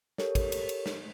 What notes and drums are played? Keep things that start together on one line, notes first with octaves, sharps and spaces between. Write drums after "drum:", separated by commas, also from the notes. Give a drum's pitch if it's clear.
G4 A4 A#4 C#5, drum: snare
drum: kick, cymbal
drum: cymbal
drum: cymbal
drum: snare